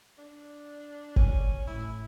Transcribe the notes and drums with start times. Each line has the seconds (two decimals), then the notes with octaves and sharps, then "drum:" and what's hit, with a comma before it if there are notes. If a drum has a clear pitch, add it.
0.18 D4
1.16 C#4, drum: kick G1
1.67 A2 E4